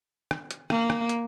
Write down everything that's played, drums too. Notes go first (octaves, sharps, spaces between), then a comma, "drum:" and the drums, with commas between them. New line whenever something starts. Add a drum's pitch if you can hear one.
drum: rim click
drum: hi-hat
A#3, drum: rim click
drum: rim click
drum: hi-hat